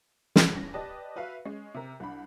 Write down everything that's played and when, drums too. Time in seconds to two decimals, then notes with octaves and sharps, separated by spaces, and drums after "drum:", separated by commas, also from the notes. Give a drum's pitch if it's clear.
0.36 drum: snare
0.53 E2 G2 C#4 A#6
0.74 G4 B4 D5 D#5 A5
1.16 F#4 B4 E5 F5
1.45 G#3 C#4
1.74 C3 A#4
2.00 C2 D4 B5